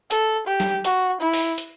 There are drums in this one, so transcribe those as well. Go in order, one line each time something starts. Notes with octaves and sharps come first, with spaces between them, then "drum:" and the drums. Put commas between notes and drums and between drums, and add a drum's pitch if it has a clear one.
A4, drum: hi-hat
G4
drum: snare
F#4, drum: hi-hat
E4
drum: open hi-hat
drum: hi-hat